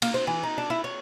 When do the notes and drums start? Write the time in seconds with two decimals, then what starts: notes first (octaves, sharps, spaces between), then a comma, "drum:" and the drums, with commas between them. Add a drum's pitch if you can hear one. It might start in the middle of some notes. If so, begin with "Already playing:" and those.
0.02 A#3, drum: cymbal
0.14 C5
0.27 E3
0.43 D#4
0.58 D4
0.70 E4
0.84 C#5